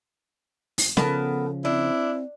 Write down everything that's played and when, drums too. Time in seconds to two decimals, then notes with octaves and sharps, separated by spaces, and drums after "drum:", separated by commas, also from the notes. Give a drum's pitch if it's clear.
0.78 drum: open hi-hat
0.97 C#3 F3 B3 A4 A#4 A5, drum: snare
1.65 C4 D4 E4